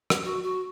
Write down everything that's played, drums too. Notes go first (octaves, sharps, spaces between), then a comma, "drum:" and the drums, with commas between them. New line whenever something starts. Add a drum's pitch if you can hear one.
drum: rim click
F#4
F#4